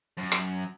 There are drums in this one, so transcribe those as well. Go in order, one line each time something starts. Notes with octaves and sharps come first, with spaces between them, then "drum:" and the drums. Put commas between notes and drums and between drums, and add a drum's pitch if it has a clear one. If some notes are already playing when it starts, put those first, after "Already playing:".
F#2
drum: rim click